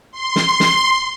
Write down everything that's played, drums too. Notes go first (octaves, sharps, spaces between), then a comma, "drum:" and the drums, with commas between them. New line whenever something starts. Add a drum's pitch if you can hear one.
C6
drum: snare
drum: snare